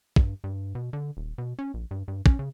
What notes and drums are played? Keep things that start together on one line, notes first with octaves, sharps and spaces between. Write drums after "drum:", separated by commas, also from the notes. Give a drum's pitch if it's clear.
G2, drum: kick
G2
B2
D3
D#1
B2
C#4
A#1
G2
G2
C#4, drum: kick
C#3